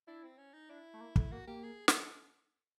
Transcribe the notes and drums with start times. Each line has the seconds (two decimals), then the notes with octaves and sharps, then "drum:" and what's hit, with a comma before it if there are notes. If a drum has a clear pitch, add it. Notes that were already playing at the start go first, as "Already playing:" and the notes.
0.07 D4 E4
0.23 C4
0.38 C#4
0.54 D#4
0.69 D4 E4
0.94 A3
1.01 A#3
1.16 A3, drum: kick
1.32 A#3 F#4
1.47 A#3 G4
1.63 G#4
1.88 G#4, drum: snare
1.93 A4